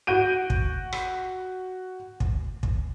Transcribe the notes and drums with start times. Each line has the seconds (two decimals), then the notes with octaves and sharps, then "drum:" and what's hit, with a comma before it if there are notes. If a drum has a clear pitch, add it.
0.07 F#4 G6 D7 D#7
0.50 drum: kick
0.93 drum: rim click
2.20 drum: kick
2.63 drum: kick